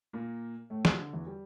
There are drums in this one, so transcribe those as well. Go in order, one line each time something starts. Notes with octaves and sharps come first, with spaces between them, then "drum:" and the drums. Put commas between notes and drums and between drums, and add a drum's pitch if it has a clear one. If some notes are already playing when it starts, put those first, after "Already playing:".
A#2 A#3
A2 A3
C3, drum: snare
D3
E2 E3
G3